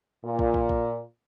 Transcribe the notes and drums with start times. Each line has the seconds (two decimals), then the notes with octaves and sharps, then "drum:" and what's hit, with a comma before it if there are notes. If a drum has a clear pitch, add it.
0.24 A#2
0.39 drum: kick
0.54 drum: kick
0.69 drum: kick